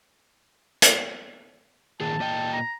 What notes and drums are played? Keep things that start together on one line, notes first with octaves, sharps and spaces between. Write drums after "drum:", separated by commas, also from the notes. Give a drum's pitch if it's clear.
drum: hi-hat
A#2 D#3 G#4 A5
A#2 D#5 G5
A#5